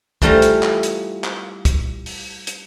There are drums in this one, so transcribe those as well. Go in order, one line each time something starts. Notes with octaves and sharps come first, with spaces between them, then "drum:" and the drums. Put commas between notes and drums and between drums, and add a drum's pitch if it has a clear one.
E3 G3 A3 F4 C5 A#5, drum: kick
drum: hi-hat
drum: clap
drum: hi-hat
drum: clap
drum: kick, hi-hat
drum: open hi-hat
drum: hi-hat